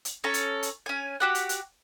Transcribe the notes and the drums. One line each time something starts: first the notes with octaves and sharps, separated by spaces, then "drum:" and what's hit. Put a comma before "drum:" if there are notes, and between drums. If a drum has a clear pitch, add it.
drum: hi-hat
C#4 A4 A#5
drum: hi-hat
drum: hi-hat
C#4 G#5
F#4 G4 F#5
drum: hi-hat
drum: hi-hat